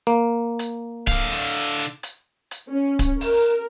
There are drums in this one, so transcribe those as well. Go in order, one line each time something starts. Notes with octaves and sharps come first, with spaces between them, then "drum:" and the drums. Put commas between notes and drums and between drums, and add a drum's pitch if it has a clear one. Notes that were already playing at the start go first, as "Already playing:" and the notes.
A#3
drum: hi-hat
D3 F5, drum: kick D1, hi-hat
drum: open hi-hat
drum: hi-hat
drum: hi-hat
drum: hi-hat
C#4
drum: kick D1, hi-hat
A#4, drum: open hi-hat